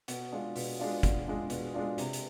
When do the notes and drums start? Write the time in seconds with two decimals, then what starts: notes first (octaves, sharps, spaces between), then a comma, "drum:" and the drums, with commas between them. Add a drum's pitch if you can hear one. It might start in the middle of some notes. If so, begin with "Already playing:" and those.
0.08 B2, drum: hi-hat
0.32 G#3 D4 F4
0.56 B2, drum: open hi-hat
0.79 G#3 D4 F4
1.03 B2, drum: kick, hi-hat
1.27 G#3 D4 F4
1.50 B2, drum: hi-hat
1.74 G#3 D4 F4
1.98 C3, drum: hi-hat
2.13 drum: hi-hat